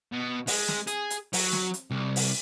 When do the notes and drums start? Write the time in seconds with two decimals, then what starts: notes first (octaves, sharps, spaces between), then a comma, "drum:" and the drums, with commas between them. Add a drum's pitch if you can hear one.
0.12 B2
0.47 G#3, drum: open hi-hat
0.68 drum: snare
0.87 G#4, drum: hi-hat
1.10 drum: hi-hat
1.33 F#3, drum: open hi-hat
1.53 drum: snare
1.74 drum: hi-hat
1.91 C2
2.16 drum: open hi-hat